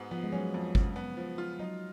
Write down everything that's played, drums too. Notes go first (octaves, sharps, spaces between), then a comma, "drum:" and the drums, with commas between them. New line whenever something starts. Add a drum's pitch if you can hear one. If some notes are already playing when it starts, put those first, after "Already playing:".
Already playing: G#2 B3 F#4
F3 B3
G#3
F#3 C#4
F2
C#3, drum: kick G1
B3
F3
F4
F#3 D#4